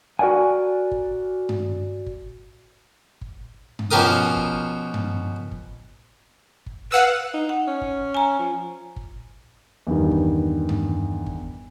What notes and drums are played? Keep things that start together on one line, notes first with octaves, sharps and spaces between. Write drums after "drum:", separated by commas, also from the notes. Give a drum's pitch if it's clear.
F#4 A#4 D5 F#5 G#5
drum: kick G1
drum: tom G2
drum: kick G1
drum: kick G1
drum: tom G2
B2 F3 C#4 G4 A#4 D#6
drum: kick G1
drum: tom G2
drum: kick G1
drum: kick G1
B4 F5 F#5 E6
D#4
F#5
C#4
drum: kick G1
G#5 A#5
F3
drum: kick G1
E2 G2 D#3
drum: kick G1
drum: tom G2
drum: kick G1